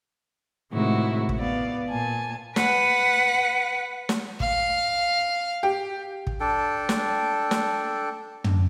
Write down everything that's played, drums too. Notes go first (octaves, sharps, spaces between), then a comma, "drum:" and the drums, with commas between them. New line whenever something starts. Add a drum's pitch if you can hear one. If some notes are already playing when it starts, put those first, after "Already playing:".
A2 C3 D#3 G#3 E4 F#4
drum: kick
B3 D5 F5
A#2 G#5 A5
B4 F#5, drum: snare
drum: snare
F5, drum: kick
G4
drum: kick
D4 A4 G5
drum: snare
drum: snare
drum: tom